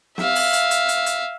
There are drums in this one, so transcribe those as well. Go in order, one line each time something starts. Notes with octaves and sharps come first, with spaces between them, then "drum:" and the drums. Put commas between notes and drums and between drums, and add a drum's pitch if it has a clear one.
E5 F5, drum: snare
drum: open hi-hat
drum: hi-hat
drum: hi-hat
drum: hi-hat
drum: hi-hat